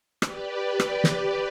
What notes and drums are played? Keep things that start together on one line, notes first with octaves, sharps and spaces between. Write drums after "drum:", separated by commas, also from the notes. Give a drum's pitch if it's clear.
G4 B4 D5, drum: rim click
drum: rim click
drum: snare